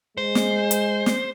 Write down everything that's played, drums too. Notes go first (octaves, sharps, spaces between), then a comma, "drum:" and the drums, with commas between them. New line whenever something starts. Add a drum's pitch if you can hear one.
G#3 C5
drum: snare
drum: hi-hat
drum: snare